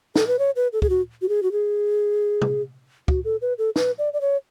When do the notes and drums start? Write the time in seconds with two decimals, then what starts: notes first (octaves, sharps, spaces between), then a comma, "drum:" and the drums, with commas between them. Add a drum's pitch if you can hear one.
0.16 A4, drum: snare
0.27 B4
0.39 C#5
0.56 B4
0.73 A4
0.82 G#4, drum: kick
0.90 F#4
1.22 F#4
1.29 G#4
1.43 F#4
1.52 G#4
2.42 drum: tom C3
3.08 F#4, drum: kick
3.25 A4
3.42 B4
3.58 A4
3.76 B4, drum: snare
3.98 D5
4.13 D5
4.21 C#5